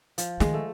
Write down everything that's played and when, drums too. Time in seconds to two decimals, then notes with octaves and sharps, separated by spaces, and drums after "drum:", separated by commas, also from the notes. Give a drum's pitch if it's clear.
0.18 F3, drum: hi-hat
0.40 D#3 G#3, drum: snare
0.54 A3